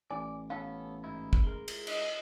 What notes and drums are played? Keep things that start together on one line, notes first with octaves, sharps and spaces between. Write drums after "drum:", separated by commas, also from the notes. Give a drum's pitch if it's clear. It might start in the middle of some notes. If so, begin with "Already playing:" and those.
A1 D5 G#5
B3 C#4 A4 F5
G#2 D#4 E4
drum: kick
G#3 A#4
drum: cymbal
D#5, drum: cymbal